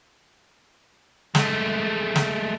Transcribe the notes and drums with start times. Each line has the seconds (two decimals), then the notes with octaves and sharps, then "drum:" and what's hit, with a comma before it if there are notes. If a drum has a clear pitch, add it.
1.35 G#3 A3, drum: snare
2.16 drum: snare